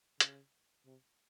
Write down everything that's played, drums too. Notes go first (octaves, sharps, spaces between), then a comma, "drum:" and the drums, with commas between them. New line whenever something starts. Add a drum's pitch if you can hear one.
C#3, drum: hi-hat
C3